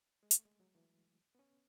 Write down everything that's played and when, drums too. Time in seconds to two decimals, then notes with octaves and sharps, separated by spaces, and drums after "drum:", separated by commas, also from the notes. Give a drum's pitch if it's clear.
0.23 G#3
0.31 A3, drum: hi-hat
0.46 G#3
0.60 F#3
0.75 E3
1.35 B3
1.39 C#4